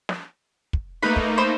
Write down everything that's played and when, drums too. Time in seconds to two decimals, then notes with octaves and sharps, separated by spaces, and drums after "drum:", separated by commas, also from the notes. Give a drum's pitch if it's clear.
0.09 drum: snare
0.73 drum: kick
1.03 A3 A#3 D#4 B4 B5
1.16 drum: kick
1.38 C5 B5